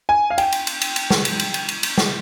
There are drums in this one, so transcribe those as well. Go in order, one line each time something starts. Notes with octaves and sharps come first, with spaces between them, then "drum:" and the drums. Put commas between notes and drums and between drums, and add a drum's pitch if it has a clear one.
G#5
F5
G5, drum: cymbal
drum: cymbal
drum: cymbal
drum: cymbal
drum: cymbal
drum: snare
drum: cymbal
drum: cymbal
drum: cymbal
drum: cymbal
drum: cymbal
drum: snare